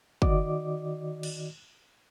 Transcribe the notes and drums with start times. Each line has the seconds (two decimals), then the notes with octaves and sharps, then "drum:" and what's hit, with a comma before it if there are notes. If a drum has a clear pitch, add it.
0.22 D#3 F#4 D5 D#5 D6, drum: kick
1.23 drum: cymbal